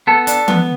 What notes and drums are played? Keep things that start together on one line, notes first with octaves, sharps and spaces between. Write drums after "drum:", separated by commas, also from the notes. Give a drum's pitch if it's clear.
B3 A4
D4, drum: hi-hat
B3, drum: tom E3